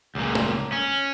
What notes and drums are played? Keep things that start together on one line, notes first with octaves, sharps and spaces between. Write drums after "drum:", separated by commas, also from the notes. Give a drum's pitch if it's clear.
C#2 A#2
drum: tom G#3
C#4